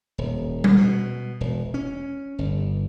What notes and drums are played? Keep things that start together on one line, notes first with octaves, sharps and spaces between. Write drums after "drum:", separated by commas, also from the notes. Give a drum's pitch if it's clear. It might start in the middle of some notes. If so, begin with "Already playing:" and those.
D#1
drum: tom G3
B2
E1
C#4
G1